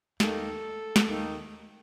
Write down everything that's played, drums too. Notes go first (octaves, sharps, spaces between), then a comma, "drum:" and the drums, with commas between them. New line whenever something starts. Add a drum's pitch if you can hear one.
D#2 D#3 A#3 D#4 A4, drum: snare
drum: snare
D#2 D#3 A#3 D#4